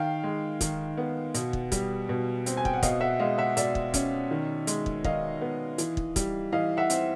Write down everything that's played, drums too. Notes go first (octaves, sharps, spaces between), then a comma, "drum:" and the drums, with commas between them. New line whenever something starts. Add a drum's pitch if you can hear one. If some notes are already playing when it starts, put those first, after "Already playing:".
Already playing: D#3 F5 G5
G#3
D#3, drum: kick, hi-hat
B3
B2, drum: hi-hat
drum: kick
G3, drum: kick, hi-hat
B2
C4, drum: hi-hat
G#5
G5, drum: kick
F#5
B2 D#5 F5, drum: kick, hi-hat
E5 F#5
G#3 D#5 F5
E5 F#5
B2 D5 E5, drum: hi-hat
drum: kick
C#4, drum: kick, hi-hat
D#3
G#3, drum: hi-hat
drum: kick
D#3 D#5 F5, drum: kick
B3
E3, drum: hi-hat
drum: kick
G3, drum: kick, hi-hat
E3 D#5 F5
E5 F#5
C4, drum: hi-hat